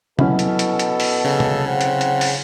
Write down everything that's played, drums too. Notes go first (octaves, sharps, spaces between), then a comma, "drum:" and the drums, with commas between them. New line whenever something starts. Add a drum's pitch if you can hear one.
B2 F#3 C#4 E4 A4, drum: tom C3
drum: hi-hat
drum: hi-hat
drum: hi-hat
drum: open hi-hat
C#3
drum: tom C3
C4 F#5
drum: hi-hat
drum: hi-hat
drum: open hi-hat